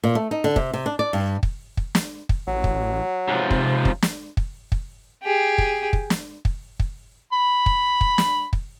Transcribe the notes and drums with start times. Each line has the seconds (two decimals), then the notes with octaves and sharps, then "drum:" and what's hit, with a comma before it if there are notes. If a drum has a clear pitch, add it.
0.04 A#2
0.15 A3
0.31 D#4
0.44 D3
0.56 C3, drum: kick
0.73 C3
0.86 D4
0.99 D5
1.13 G2
1.43 drum: kick
1.77 drum: kick
1.95 drum: snare
2.29 drum: kick
2.48 A1 F#3
2.64 drum: kick
3.28 G#2 C3 F3
3.51 drum: kick
3.85 drum: kick
4.02 drum: snare
4.37 drum: kick
4.72 drum: kick
5.23 G4 G#4
5.58 drum: kick
5.93 drum: kick
6.10 drum: snare
6.45 drum: kick
6.80 drum: kick
7.33 B5
7.66 drum: kick
8.01 drum: kick
8.18 drum: snare
8.53 drum: kick